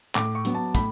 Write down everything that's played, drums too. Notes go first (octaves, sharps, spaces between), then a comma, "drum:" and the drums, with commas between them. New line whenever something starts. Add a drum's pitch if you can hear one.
A2 D6, drum: clap
C#6
F#3 B3, drum: hi-hat
A5
A2 B5, drum: kick, hi-hat